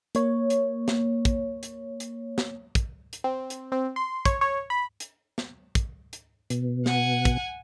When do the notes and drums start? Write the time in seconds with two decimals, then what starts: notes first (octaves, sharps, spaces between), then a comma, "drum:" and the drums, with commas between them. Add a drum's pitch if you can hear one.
0.15 A#3 C#5, drum: hi-hat
0.50 drum: hi-hat
0.88 drum: snare
1.25 drum: kick, hi-hat
1.63 drum: hi-hat
2.00 drum: hi-hat
2.38 drum: snare
2.75 drum: kick, hi-hat
3.13 drum: hi-hat
3.24 C4
3.50 drum: hi-hat
3.72 C4
3.96 C6
4.25 C#5, drum: kick, hi-hat
4.41 C#5
4.70 B5
5.00 drum: hi-hat
5.38 drum: snare
5.75 drum: kick, hi-hat
6.13 drum: hi-hat
6.50 B2, drum: hi-hat
6.86 F#5 G#5, drum: snare
7.25 drum: kick, hi-hat